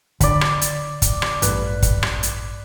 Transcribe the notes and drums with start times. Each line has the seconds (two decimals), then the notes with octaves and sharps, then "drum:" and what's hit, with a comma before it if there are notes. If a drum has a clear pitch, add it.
0.21 D3 D5 B5, drum: kick, hi-hat
0.41 drum: rim click
0.61 drum: hi-hat
1.02 drum: kick, hi-hat
1.22 drum: rim click
1.42 A1 G2 B4, drum: hi-hat
1.82 drum: kick, hi-hat
2.03 drum: rim click
2.23 drum: hi-hat